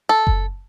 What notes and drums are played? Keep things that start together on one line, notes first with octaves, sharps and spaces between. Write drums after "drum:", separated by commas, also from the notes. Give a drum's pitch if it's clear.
A4
drum: kick F#1